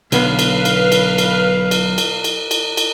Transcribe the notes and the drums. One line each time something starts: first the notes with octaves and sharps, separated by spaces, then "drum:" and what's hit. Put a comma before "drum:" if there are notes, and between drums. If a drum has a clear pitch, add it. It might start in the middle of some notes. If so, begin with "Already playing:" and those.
B1 D3 B3 B4 F5, drum: cymbal
drum: cymbal
drum: cymbal
drum: cymbal
drum: cymbal
drum: cymbal
drum: cymbal
drum: cymbal
drum: cymbal
drum: cymbal